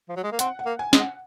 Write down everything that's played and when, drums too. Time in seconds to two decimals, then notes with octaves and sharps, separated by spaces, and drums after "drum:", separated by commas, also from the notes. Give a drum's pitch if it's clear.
0.09 F3
0.17 F#3
0.24 G#3
0.32 A#3
0.39 C4 F#5, drum: hi-hat
0.59 F#5
0.66 A#3
0.79 G#5
0.93 G#3, drum: snare
0.99 F#5